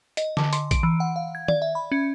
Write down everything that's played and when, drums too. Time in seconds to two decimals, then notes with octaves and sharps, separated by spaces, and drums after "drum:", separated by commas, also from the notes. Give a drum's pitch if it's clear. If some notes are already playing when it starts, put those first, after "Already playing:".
0.17 D#5, drum: hi-hat
0.37 D3, drum: snare
0.53 C6, drum: hi-hat
0.71 D7, drum: kick A1, hi-hat
0.83 E3
1.00 F#5
1.16 F5
1.35 G#6
1.48 D5, drum: tom
1.62 E5
1.75 B5
1.92 C#4